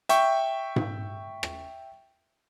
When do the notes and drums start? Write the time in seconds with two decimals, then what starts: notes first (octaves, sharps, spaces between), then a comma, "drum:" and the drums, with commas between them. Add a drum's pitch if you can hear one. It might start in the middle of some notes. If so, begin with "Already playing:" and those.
0.09 E5 G5 C#6, drum: hi-hat
0.76 drum: tom G#2
1.43 drum: rim click